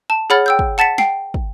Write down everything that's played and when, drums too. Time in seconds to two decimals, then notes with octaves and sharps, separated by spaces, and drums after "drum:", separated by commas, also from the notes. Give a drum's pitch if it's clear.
0.10 A5
0.30 G#4 C#5 F#5 B5 F6 A6
0.46 G5 E6 G6
0.59 drum: kick
0.78 F#5 A5 A6 B6 C#7
0.98 G5 C7, drum: snare
1.34 drum: kick